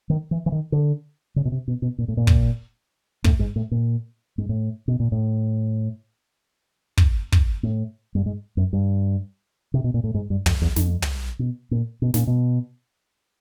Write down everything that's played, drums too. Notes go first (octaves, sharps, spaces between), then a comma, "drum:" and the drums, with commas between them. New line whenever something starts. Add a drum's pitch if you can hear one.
D#3
E3
E3
D#3
D3
C#3
B2
C3
B2
B2
A#2
A2
A#2
drum: kick
A2, drum: kick
G#2
A2
A#2
G#2
A2
B2
A#2
A2
drum: kick
drum: kick
A2
G2
G#2
F#2
G2
C3
B2
A#2
A2
G#2
G2
F2, drum: tom
E2
F2, drum: snare
drum: tom
B2
A#2
B2
A#2, drum: snare
B2